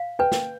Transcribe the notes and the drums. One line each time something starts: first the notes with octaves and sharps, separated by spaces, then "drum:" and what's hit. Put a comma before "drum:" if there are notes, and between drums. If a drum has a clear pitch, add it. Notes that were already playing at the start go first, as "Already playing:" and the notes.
Already playing: F5
B4 G5
drum: snare